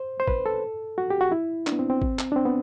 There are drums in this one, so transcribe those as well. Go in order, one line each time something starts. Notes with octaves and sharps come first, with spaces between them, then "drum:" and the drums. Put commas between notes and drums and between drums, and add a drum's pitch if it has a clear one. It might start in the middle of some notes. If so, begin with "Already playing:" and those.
Already playing: C5
C5
B4, drum: kick
A4
F#4
G4
F#4
E4
D4, drum: clap
B3
C4
C4
drum: kick
drum: clap
D4
C4
B3